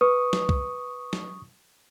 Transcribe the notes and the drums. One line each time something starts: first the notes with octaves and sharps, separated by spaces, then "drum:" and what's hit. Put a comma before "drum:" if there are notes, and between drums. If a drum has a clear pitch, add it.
B4 C#6 D#6
drum: snare
drum: kick
drum: snare